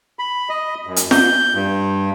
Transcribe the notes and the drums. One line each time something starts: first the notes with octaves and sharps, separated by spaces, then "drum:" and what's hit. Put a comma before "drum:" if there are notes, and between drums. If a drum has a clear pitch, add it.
B5
D#5
F#2
drum: hi-hat
G6, drum: snare
G2